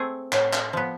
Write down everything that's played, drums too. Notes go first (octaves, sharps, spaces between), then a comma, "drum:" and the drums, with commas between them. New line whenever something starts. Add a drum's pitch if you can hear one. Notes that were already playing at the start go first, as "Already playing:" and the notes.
Already playing: A3 C4 G#4
A2, drum: clap
drum: clap
F3 B3